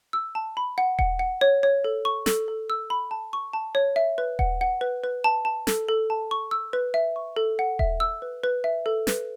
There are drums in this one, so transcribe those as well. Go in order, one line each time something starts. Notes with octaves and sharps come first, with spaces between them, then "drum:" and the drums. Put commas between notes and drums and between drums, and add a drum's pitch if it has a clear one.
E6
A5
B5
F#5
F#5, drum: kick D#1
F#5
C#5
C#5
A4
C#6
A4, drum: snare
A4
E6
B5
A5
C#6
A5
C#5
E5
B4
F#5, drum: kick D#1
F#5
B4
B4
A5
A5
A4, drum: snare
A4
A5
C#6
E6
B4
E5
C#6
A4
F#5
E5, drum: kick D#1
E6
B4
B4
E5
A4
B4, drum: snare